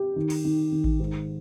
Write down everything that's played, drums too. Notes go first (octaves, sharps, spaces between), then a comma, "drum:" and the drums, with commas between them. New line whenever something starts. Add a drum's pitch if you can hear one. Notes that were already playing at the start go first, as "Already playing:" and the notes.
Already playing: G4
D#3
drum: cymbal
D#3
D#3
drum: kick A1
G#2